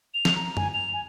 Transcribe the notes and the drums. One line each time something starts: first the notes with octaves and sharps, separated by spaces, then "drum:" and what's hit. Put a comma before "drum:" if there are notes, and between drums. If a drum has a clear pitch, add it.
F7
drum: snare
A#5
G#5, drum: tom F#2
F7
G#5